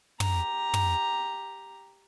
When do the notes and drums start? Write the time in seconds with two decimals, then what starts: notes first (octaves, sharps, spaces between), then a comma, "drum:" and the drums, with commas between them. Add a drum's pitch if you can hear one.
0.20 G4 A#5, drum: tom
0.74 drum: tom